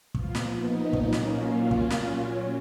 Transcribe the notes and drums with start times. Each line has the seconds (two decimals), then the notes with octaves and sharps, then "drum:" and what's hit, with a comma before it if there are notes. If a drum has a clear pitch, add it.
0.14 A#2 F3 B3 F4, drum: kick
0.35 drum: snare
0.54 D#4
0.93 A#2 F#3 A#3 C#4, drum: kick
1.12 drum: snare
1.32 F4
1.71 A#2 F#3 C#4, drum: kick
1.90 drum: snare